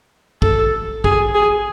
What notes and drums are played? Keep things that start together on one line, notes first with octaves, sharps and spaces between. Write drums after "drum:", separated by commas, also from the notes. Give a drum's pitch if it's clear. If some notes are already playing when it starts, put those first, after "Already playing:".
A4, drum: kick
G#4, drum: kick
G#4